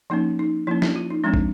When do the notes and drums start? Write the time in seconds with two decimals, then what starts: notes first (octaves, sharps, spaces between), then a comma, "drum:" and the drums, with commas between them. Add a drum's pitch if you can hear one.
0.10 F3 A#3 C#4 D#4
0.39 D#4
0.67 F3 A#3 C#4 E4
0.82 E4, drum: snare
0.96 F4
1.10 D#4
1.24 F3 G#3 C4 D4
1.34 drum: kick